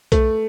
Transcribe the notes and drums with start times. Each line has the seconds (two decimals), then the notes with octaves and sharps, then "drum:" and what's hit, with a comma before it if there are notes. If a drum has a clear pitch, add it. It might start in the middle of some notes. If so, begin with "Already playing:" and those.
0.12 A3, drum: kick B1, hi-hat